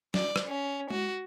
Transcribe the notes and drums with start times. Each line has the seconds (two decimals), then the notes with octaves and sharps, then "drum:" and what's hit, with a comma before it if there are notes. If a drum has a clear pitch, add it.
0.14 D5, drum: snare
0.36 drum: rim click
0.48 C#4
0.91 F#4, drum: tom G#3